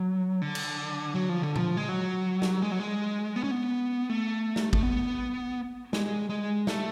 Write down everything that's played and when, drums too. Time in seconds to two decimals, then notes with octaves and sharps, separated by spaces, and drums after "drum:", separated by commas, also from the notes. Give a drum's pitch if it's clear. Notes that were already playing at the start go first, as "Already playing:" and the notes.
Already playing: F#3
0.42 D3
0.55 drum: cymbal
1.15 F#3
1.29 F3
1.42 D3
1.56 F3, drum: tom A#2
1.77 G#3
1.89 F#3
2.42 drum: snare
2.62 G#3
2.72 F#3
2.79 G#3
3.36 B3
3.44 C#4
3.51 B3
4.09 A3
4.56 drum: snare
4.73 A3, drum: kick
4.83 B3
5.93 G#3, drum: snare
6.30 G#3
6.67 A3, drum: snare